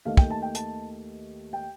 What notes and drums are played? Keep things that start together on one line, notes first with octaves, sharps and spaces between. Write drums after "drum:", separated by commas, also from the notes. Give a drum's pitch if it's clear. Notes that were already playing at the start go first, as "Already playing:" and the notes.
D#2 D#3 A3 F5
G5, drum: kick
A5
G5
A5, drum: hi-hat
G5